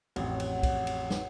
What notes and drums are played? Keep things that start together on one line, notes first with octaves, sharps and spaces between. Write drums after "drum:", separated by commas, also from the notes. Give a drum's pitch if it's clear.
A1 F2 F#3 G#4 F#5, drum: cymbal
drum: cymbal
drum: kick, cymbal
drum: cymbal
drum: snare